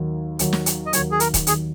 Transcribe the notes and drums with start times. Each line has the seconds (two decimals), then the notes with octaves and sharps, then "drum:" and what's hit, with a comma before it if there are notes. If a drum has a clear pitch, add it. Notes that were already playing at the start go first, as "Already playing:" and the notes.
Already playing: D#2 D#3 F#3
0.39 D#2 D#3 F#3, drum: hi-hat
0.53 drum: snare
0.66 drum: hi-hat
0.86 D#5
0.93 D#2 D#3 F#3 C#5, drum: hi-hat
1.11 G#4
1.20 A#4, drum: hi-hat
1.34 drum: kick D#1, hi-hat
1.47 D#2 D#3 F#3 G#4, drum: hi-hat